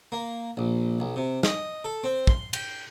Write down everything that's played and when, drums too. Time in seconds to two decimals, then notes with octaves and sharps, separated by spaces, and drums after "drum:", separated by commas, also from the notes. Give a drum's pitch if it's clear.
0.12 A#3
0.57 A#1
1.00 B1
1.16 C3
1.43 D#5, drum: snare
1.85 A4
2.04 C4
2.27 C6, drum: kick
2.53 G5, drum: cymbal